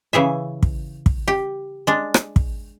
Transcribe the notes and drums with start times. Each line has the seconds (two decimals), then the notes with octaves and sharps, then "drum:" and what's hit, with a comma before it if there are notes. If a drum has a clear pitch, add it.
0.13 C#3 E3 G#4 E5
0.63 drum: kick
1.06 drum: kick
1.28 G4
1.87 G#3 D4
2.14 drum: rim click
2.36 drum: kick